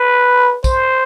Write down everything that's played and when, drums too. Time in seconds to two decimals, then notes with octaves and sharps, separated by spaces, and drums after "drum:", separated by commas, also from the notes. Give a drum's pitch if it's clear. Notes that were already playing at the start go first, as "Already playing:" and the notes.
Already playing: B4
0.64 C5, drum: kick, tambourine